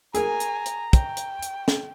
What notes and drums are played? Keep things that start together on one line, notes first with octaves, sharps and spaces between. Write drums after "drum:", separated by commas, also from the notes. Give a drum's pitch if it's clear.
G#4 A#4 G#5 A#5, drum: hi-hat
drum: hi-hat
drum: hi-hat
G5, drum: kick, hi-hat
drum: hi-hat
drum: hi-hat
drum: snare